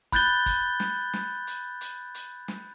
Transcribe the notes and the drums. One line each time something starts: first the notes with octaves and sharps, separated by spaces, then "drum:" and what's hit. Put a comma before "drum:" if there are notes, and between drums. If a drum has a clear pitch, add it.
B5 F#6 G6 A6 G7, drum: kick, hi-hat
drum: kick, hi-hat
drum: snare
drum: snare
drum: hi-hat
drum: hi-hat
drum: hi-hat
drum: snare